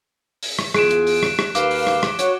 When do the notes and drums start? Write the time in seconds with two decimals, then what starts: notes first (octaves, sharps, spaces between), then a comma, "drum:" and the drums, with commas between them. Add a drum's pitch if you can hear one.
0.43 drum: open hi-hat
0.59 drum: rim click
0.75 E2 F4 G#4 F#6 D7 E7, drum: rim click
0.91 drum: hi-hat
1.07 drum: open hi-hat
1.23 drum: rim click
1.39 drum: rim click
1.55 D#2 B4 F5 D6 G7, drum: hi-hat
1.71 drum: open hi-hat
1.87 drum: rim click
2.03 drum: rim click
2.19 F#4 C#5, drum: hi-hat